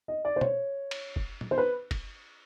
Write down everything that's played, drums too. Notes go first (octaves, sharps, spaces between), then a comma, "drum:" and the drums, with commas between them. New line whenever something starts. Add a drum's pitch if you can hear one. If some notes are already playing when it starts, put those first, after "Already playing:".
D#5
D5
C5
C#5, drum: tom
drum: cymbal
drum: kick
drum: tom
C5
B4
drum: kick, cymbal